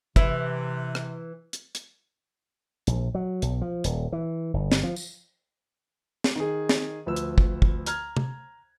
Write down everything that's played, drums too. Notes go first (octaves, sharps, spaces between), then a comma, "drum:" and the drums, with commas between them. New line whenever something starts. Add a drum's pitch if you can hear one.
C3 E3 E4, drum: kick
drum: rim click
drum: hi-hat
drum: hi-hat
A#1, drum: hi-hat
F#3
B1, drum: hi-hat
F3
D#1, drum: hi-hat
E3
G1
drum: snare
F3
drum: tambourine
drum: snare
D#3 G#4
drum: snare
D2 F3 B4 E6
drum: hi-hat
drum: kick
drum: kick
A#5 F6 G#6, drum: hi-hat
drum: tom